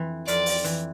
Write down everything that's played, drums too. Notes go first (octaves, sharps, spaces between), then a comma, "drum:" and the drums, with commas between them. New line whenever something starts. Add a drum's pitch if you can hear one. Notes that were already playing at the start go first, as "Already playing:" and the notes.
Already playing: F2 E3
F2 D5, drum: hi-hat
drum: open hi-hat
E3, drum: hi-hat